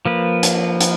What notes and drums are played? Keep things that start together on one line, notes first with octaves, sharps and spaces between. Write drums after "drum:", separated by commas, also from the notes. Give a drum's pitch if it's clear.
F3 A#3 B4
drum: hi-hat
drum: hi-hat